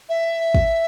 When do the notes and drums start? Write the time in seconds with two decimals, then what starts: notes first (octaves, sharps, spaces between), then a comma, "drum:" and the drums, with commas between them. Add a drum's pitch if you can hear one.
0.09 E5
0.55 drum: kick